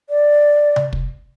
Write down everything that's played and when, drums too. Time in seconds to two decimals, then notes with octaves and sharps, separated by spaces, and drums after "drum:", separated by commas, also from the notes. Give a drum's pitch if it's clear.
0.10 D5
0.76 drum: tom C3
0.93 drum: kick